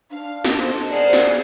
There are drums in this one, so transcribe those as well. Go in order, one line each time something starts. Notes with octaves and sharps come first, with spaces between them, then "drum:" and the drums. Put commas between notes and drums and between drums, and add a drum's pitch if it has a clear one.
D4 F5
drum: snare
A4 C5 D#5
G#4 A#4 C5 D5 F5 F#5, drum: tambourine
drum: snare